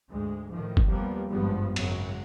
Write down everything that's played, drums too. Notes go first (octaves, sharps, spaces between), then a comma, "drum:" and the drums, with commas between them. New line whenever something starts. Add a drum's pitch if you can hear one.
D2 G#2 G#3
A2 D#3 F3
drum: kick G1
D#2 F3 G3 A#3 B3
G#1 G2 F3 G3 G#3 B3
G#1 F#2 C#3 F#3, drum: cymbal